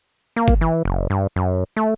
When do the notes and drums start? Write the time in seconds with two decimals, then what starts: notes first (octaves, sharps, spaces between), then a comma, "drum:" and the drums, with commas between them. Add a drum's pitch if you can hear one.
0.36 A#3
0.48 drum: kick G1
0.61 E3
0.85 F#1
1.10 G2
1.36 F#2
1.77 A3